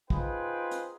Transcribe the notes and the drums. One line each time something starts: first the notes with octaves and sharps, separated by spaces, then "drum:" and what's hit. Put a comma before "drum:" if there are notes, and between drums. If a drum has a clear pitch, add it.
D#4 F4 G#4 B4 C5 G5, drum: kick
drum: hi-hat